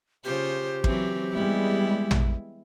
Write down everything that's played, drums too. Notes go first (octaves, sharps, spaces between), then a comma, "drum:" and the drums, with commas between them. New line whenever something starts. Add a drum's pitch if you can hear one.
C#3 F4 G4 C5
E3 F#3 C4, drum: kick
G3 G#3 B3 E4
drum: tom